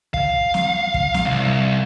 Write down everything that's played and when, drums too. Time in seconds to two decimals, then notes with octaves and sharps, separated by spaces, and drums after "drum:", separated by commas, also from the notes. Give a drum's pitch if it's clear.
0.14 F5, drum: kick
0.54 drum: snare
0.94 drum: kick
1.14 drum: snare
1.26 C2